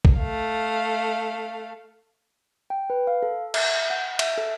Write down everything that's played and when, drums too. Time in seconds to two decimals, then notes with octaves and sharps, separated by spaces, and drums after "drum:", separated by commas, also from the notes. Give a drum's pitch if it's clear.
0.05 drum: kick B1
0.18 A3 F5
2.70 G5
2.90 B4
3.07 F5
3.23 A4
3.54 E5, drum: cymbal
3.90 F#5
4.19 E5, drum: cymbal
4.37 A4